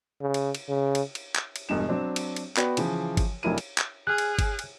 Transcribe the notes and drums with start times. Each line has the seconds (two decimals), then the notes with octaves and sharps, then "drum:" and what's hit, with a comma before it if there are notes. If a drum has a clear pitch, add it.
0.21 C#3
0.34 drum: cymbal
0.55 drum: cymbal
0.69 C#3
0.95 drum: cymbal
1.15 drum: cymbal
1.35 drum: clap
1.56 drum: cymbal
1.69 E1 G2 B2 E7
1.89 F#3 C4 D4
2.16 drum: cymbal
2.36 drum: cymbal
2.57 B3 F#4 B4 D5 G5, drum: clap
2.77 C#3 E3 F3, drum: cymbal
3.17 drum: kick G1, cymbal
3.43 F1 F#3 D4 E4 A#4 D#7
3.58 drum: cymbal
3.78 drum: clap
4.07 G#4 F6 F#6
4.18 drum: cymbal
4.39 drum: kick G1, cymbal
4.59 drum: cymbal